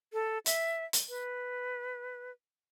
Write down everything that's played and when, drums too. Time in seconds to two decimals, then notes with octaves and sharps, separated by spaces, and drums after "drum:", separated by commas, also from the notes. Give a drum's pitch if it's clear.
0.13 A4
0.46 E5, drum: hi-hat
0.93 drum: hi-hat
1.09 B4